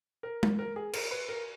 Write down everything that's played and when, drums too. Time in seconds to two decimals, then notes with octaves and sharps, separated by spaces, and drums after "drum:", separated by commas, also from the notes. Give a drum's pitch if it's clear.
0.23 A#4
0.43 drum: tom G#3
0.59 A#4
0.76 G#4
0.93 A#4, drum: cymbal
1.11 B4
1.29 A#4